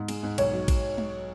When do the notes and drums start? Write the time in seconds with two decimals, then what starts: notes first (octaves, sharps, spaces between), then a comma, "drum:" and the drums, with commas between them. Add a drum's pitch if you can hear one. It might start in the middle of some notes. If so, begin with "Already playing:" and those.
Already playing: G#2
0.08 G#3, drum: cymbal
0.23 G#2
0.38 B1 C#5, drum: cymbal
0.53 F#3
0.68 drum: kick, cymbal
0.98 drum: tom